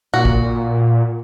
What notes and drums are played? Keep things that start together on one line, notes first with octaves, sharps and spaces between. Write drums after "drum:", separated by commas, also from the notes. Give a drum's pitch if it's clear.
A#2 F#4
drum: kick